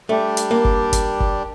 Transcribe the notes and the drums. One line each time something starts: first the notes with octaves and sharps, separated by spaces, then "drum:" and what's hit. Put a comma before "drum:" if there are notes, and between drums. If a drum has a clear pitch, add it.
G3 A3 D4 G4
drum: hi-hat
A#3
drum: kick F#1
drum: kick F#1, hi-hat
drum: kick F#1